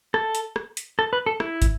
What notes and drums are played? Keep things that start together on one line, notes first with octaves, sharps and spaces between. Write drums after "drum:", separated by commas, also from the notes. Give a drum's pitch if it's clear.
A4, drum: rim click
drum: hi-hat
drum: rim click
drum: hi-hat
A4
B4
A4
E4, drum: rim click
drum: kick, hi-hat